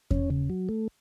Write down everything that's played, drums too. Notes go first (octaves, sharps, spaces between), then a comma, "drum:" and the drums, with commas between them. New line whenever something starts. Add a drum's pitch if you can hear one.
C#4, drum: kick E2
C#3
F#3
A3